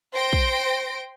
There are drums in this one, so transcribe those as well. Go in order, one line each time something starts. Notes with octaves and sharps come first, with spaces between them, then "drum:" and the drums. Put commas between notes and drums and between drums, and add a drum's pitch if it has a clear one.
C5 G5 C6 A#6 D7
drum: kick